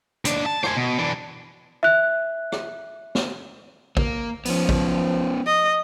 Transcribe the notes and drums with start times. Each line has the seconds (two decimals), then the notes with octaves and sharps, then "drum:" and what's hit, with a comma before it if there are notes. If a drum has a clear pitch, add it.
0.25 D#2 D4, drum: hi-hat
0.46 A5
0.63 C5 G#5, drum: rim click
0.77 B2
0.98 E3 D4
1.83 E5 F#6
2.52 drum: rim click
3.15 drum: snare
3.97 A#3, drum: kick
4.45 F3 B3 C#4, drum: open hi-hat
4.69 drum: kick
5.46 D#5